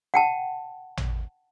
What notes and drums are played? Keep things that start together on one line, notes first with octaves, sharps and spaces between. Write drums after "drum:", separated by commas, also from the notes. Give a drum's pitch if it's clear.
F#5 G5 A5
drum: tom A1